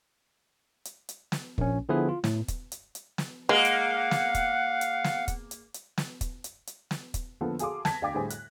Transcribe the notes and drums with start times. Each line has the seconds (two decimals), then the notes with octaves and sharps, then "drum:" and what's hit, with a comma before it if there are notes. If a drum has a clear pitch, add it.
0.85 drum: hi-hat
1.09 drum: hi-hat
1.32 drum: snare
1.58 A#1 C#4, drum: kick
1.89 D3 F3 B3 E4 G#4 B4
2.09 F4
2.24 A2, drum: snare
2.48 drum: kick, hi-hat
2.72 drum: hi-hat
2.95 drum: hi-hat
3.18 drum: snare
3.49 G#3 A#3 G#4 F5 F#5
3.65 drum: hi-hat
4.11 drum: snare
4.35 drum: kick, hi-hat
4.81 drum: hi-hat
5.04 drum: snare
5.28 drum: kick, hi-hat
5.51 drum: hi-hat
5.74 drum: hi-hat
5.98 drum: snare
6.21 drum: kick, hi-hat
6.44 drum: hi-hat
6.67 drum: hi-hat
6.91 drum: snare
7.14 drum: kick, hi-hat
7.41 D3 F3 A#3 B3 F4 A4
7.59 F#4 G#4 A4 F5 C6 D6, drum: hi-hat
7.85 A5 G#6 A#6 B6, drum: snare
8.02 D2 D5 F5 G5 D6 A6
8.15 A2 D3 G3 G#4 C5 G#5
8.30 F#6, drum: hi-hat